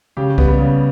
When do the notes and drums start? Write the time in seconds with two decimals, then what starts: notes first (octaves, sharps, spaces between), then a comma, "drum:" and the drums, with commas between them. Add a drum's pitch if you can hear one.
0.17 C#3 G4
0.38 G3 B3, drum: kick C2
0.59 C#3